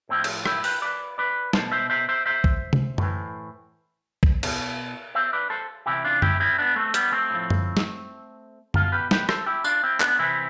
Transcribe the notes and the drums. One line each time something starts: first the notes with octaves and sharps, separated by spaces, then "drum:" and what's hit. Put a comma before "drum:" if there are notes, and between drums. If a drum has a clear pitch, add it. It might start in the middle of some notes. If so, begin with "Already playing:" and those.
A2 F3 C4 E4
drum: cymbal
E4 G4, drum: rim click
G4 B4, drum: open hi-hat
B4 D5
B4 D5
B2 A4 C5, drum: snare
C5 E5
C5 E5
C5 E5
C5 E5
drum: kick A#1
drum: tom C3
A2 E3, drum: tom F#2
drum: kick A#1
B2, drum: cymbal
C5 E5
B4 D5
A4 C5
C3 E3 E4 G4
D4 F4
E4 G4, drum: tom F#2
C4 E4
B3 D4
A3 C4
G3 B3, drum: hi-hat
A3 C4
A2 F3
drum: tom F#2
drum: snare
B2 F4 A4, drum: tom F#2
G4 B4
G4 B4, drum: snare
A4 C5, drum: rim click
E4 G4
D4 F4, drum: tambourine
C4 E4
B3 D4, drum: clap
C3 E3 C4 E4